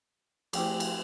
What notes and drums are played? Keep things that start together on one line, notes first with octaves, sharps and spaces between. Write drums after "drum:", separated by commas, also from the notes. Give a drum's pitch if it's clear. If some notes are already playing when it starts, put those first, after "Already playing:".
F3 A3 C4 E4 G4 G#4, drum: cymbal
drum: cymbal